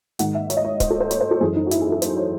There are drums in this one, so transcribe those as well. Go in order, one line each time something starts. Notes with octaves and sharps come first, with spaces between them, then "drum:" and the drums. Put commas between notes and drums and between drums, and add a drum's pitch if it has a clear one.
G#2 D#3 F#5, drum: hi-hat
E5
C#5, drum: hi-hat
D#5
C#5
C5, drum: kick, hi-hat
A4
C5
C#5, drum: hi-hat
C5
A4
F#2 E3 G#4
D#4
F#4
E4, drum: hi-hat
G#4
A4
C5, drum: hi-hat
C#5